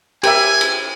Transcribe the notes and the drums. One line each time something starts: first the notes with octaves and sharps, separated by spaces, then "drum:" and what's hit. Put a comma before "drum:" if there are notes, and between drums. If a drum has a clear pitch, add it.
G4 A#4 E5 G#5, drum: cymbal
drum: cymbal